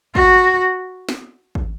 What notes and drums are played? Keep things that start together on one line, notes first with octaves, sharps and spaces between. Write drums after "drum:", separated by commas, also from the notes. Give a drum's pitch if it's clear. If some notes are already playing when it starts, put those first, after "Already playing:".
F#4, drum: kick
drum: snare
drum: kick